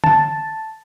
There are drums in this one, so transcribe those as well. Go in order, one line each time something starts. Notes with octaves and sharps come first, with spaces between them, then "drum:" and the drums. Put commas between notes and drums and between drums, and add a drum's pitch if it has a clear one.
A5, drum: tom